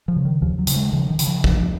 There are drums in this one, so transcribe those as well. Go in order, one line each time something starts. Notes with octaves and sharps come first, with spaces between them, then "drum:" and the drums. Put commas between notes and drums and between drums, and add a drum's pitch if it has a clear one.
F3
C#3
D#3
D#2 F3
F#3
C#3, drum: hi-hat
G#3
C#3 F3
D#3
C#3, drum: hi-hat
F3
D#2 F3, drum: kick
F3